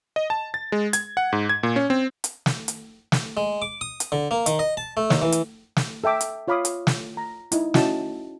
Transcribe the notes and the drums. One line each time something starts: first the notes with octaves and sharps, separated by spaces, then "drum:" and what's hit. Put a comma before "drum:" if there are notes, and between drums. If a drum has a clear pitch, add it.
D#5
A5
A6
G#3
G#6, drum: hi-hat
F#5
G#2
G#6
A#2
C#4
C4
drum: hi-hat
drum: snare
drum: hi-hat
drum: snare
G#3
D6
D#6
drum: hi-hat
D3
A#3
D#3, drum: hi-hat
D#5
A5
A3
D#2, drum: snare
E3
drum: hi-hat
drum: snare
A4 E5 G5 D6
drum: hi-hat
F4 C#5 F5 B5 D6 D#6
drum: hi-hat
drum: snare
A#5
D#4 E4 D#5, drum: hi-hat
C#4 E4 F#4 D#5 A5, drum: snare